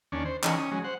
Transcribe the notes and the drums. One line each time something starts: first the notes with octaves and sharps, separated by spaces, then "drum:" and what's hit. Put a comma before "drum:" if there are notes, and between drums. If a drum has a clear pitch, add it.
D#2 C#4 D4
C5
E3 C#4 D#4, drum: clap
C#4 D#6
F#3 G#3 C#4
C5 F#5